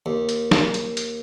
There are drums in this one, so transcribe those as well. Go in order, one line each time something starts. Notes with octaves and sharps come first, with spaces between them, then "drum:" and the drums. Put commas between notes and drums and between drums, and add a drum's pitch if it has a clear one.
D#2
drum: hi-hat
drum: snare
drum: hi-hat
drum: hi-hat